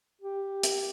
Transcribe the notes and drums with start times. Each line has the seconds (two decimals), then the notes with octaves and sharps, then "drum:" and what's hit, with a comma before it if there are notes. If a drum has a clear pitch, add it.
0.22 G4
0.63 drum: hi-hat